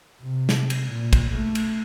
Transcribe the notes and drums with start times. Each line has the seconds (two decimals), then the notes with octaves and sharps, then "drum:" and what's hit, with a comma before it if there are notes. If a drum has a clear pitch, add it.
0.22 C3
0.49 drum: snare
0.70 drum: cymbal
0.91 A#2
1.13 drum: kick, cymbal
1.30 B2 A3
1.55 drum: cymbal